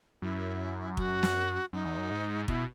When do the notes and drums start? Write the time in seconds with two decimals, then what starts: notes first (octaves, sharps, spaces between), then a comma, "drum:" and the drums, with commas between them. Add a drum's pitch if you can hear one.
0.22 F#2 E4
0.97 F#4, drum: kick
1.23 drum: snare
1.73 F#2 D#4
1.85 E2
1.98 F#2
2.11 G#2
2.48 B2 E4, drum: kick